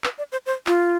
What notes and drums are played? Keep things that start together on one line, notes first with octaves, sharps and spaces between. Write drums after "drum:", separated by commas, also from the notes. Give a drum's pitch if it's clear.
B4, drum: clap
D5
C5
C5
F4, drum: clap